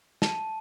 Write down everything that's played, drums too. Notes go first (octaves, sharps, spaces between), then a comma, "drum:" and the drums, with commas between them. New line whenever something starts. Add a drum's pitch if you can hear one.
A5, drum: snare